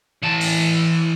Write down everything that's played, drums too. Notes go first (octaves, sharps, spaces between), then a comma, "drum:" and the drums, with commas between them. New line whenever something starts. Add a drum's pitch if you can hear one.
E3 A5
drum: open hi-hat